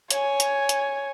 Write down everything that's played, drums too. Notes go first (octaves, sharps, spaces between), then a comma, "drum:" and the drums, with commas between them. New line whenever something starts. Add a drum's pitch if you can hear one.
C#5 G#5, drum: hi-hat
drum: hi-hat
drum: hi-hat